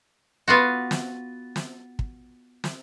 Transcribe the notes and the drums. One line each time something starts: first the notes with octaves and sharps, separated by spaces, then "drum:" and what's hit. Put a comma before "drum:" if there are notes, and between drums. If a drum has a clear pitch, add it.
B3 F4 F#4
drum: snare
drum: snare
drum: kick
drum: snare